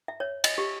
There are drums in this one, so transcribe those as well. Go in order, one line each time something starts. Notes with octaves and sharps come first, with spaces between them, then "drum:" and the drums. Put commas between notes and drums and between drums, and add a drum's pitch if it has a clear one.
E5
C#5
D#5, drum: cymbal
G4